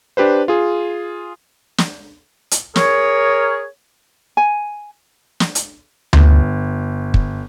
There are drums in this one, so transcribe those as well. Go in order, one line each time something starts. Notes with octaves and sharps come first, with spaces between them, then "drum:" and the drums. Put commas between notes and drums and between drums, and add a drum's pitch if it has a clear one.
D4 G4 B4 C5
F4 G#4
drum: snare
drum: hi-hat
G#4 A#4 C#5, drum: snare
G#5
drum: snare
drum: hi-hat
G1, drum: tom D2
drum: kick